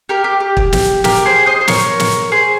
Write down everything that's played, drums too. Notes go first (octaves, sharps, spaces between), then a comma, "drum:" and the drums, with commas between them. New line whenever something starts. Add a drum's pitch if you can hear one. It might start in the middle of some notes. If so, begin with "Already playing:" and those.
G4 A#4
G4
G4
drum: kick
drum: snare
G4 A#4, drum: snare
G#4 C5
C5 D#5
C5
A#4 C#5, drum: snare
drum: snare
G#4 C5